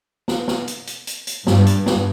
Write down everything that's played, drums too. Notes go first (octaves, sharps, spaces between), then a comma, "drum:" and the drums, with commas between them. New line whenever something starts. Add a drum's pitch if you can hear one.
drum: snare
drum: snare
drum: hi-hat
drum: hi-hat
drum: hi-hat
drum: hi-hat
G2, drum: snare
drum: hi-hat
drum: snare